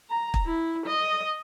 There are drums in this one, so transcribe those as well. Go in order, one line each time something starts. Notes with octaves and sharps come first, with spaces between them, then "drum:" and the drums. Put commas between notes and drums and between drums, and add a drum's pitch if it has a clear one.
A#5
drum: kick
E4
D#5